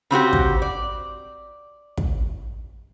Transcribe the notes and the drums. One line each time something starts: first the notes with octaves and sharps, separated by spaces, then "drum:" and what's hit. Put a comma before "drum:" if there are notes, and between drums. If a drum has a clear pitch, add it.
C#3 C4 F#4 G4
drum: kick
D5
drum: kick